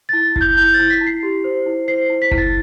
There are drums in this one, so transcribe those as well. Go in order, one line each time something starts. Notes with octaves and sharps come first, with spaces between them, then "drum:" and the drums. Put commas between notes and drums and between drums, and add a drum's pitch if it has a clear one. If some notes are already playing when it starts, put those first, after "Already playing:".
E4 A6
E4 G6, drum: kick F#1
E4 G6
A6
E4
B6
E4
C7
G4
C5
E4
C5 C7
E4
B6
E4, drum: kick F#1
A6